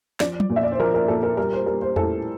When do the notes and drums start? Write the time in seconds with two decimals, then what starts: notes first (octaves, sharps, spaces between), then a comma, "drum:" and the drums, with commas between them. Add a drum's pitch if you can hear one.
0.20 F3 D5, drum: snare
0.40 drum: tom F#3
0.50 A#2
0.56 E5
0.63 D5
0.72 C5
0.80 F3 A#4
0.94 A#4
1.08 A#2 A4
1.23 A#4
1.37 G3 A#4
1.53 C5
1.66 G3 A#4
1.82 C5
1.96 A2 A4, drum: tom E2